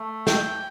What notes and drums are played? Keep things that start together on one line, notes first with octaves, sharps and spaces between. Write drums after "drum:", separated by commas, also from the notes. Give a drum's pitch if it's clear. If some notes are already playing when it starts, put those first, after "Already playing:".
Already playing: A3
G5, drum: snare